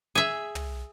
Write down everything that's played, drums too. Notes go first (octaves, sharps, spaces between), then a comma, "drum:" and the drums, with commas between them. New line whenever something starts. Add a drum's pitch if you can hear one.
G#4 E5
drum: tom